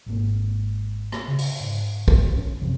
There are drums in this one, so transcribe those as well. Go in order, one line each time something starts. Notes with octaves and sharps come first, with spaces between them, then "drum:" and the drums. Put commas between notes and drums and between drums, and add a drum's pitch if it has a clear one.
G#1 G#2 A#3
drum: rim click
C#3
drum: open hi-hat
G#2
drum: kick
C#4
F#2 C3 E3 F3